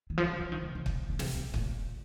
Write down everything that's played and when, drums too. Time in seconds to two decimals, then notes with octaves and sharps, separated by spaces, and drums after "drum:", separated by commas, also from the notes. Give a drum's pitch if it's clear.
0.10 D#3
0.18 F3
0.29 C#3
0.40 F3
0.52 D#3
0.63 C3
0.75 C3
0.86 drum: kick
1.09 C#3
1.19 C3, drum: snare
1.36 C3
1.54 A#2, drum: kick